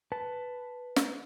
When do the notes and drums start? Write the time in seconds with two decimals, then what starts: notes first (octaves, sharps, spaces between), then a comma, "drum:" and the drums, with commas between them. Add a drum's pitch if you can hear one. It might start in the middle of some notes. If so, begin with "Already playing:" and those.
0.12 B4 A5
0.96 drum: snare